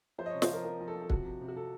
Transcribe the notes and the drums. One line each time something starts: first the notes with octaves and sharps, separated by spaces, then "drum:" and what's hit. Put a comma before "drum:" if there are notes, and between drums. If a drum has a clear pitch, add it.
F3 C5
D#5
C3 C#5
C5, drum: snare
F3 A#4
F3 A#4
F3
A4
F3
A4
C3 F#4, drum: kick
C3
C3
F#4
C3 A4